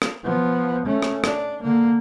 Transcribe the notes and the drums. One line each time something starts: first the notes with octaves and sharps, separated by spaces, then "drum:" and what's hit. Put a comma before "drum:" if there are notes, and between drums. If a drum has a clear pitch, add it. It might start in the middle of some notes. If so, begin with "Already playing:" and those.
drum: rim click
F3 B3
A3 C#4
drum: rim click
D4, drum: rim click
D3 A#3